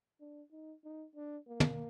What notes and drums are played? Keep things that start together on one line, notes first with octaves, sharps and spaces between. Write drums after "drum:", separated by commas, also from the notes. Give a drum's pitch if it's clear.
D4
D#4
D#4
D4
A#3
drum: tom